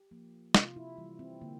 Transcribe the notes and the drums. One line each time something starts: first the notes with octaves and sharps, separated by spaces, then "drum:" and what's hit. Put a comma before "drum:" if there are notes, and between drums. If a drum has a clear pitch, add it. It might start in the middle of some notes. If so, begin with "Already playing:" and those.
Already playing: G4
F3 A#3
C3 F4, drum: snare
E4
E3 G3
C4
D3 A#3